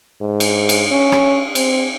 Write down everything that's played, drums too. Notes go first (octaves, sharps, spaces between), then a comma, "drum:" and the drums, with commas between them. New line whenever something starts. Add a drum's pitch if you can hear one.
G#2
drum: cymbal
drum: cymbal
C#4
drum: rim click
C4, drum: cymbal